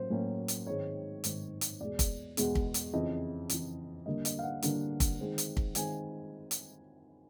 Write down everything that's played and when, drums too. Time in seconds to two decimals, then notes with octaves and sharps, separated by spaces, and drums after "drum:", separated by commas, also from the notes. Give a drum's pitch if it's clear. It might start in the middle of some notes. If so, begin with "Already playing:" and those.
Already playing: A2 F#3 A#3 C#4 C5
0.10 A2 F#3 A#3 C#4
0.48 drum: hi-hat
0.67 G#2 D#3 G#3 C4 D#4 C#5
1.24 G#2 D#3 G#3 C4 D#4, drum: hi-hat
1.61 drum: hi-hat
1.80 E2 B2 G#3 D5
1.99 drum: kick, hi-hat
2.37 E2 B2 G#3, drum: hi-hat
2.55 drum: kick
2.74 drum: hi-hat
2.93 F2 C#3 E3 D#5
3.49 F2 C#3 E3, drum: hi-hat
4.06 D3 G3 A#3 D4 D#5
4.25 D#5, drum: hi-hat
4.39 F5
4.43 F#5
4.62 D3 G3 A#3 D4, drum: hi-hat
5.00 drum: kick, hi-hat
5.18 D#3 G#3 C4
5.38 drum: hi-hat
5.57 drum: kick
5.75 D#3 G#3 C4 G#5, drum: hi-hat
6.51 drum: hi-hat